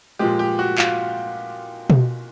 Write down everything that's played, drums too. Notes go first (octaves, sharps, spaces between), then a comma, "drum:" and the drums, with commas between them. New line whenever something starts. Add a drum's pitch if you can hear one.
A#2 F3 G#3 G4
G4
F#4
F4, drum: clap
drum: tom B2